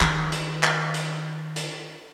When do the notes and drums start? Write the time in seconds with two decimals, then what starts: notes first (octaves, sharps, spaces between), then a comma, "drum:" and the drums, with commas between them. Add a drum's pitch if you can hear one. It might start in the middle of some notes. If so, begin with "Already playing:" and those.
0.01 D#3, drum: clap
0.32 drum: hi-hat
0.63 drum: clap
0.94 drum: hi-hat
1.56 drum: hi-hat